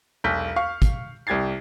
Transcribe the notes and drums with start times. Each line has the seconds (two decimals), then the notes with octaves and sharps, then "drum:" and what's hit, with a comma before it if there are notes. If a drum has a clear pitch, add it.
0.24 E1 B1 G6 B6
0.56 F5 C#6 F6
0.82 drum: kick, hi-hat
1.27 C2 G4 G#6 A6 C7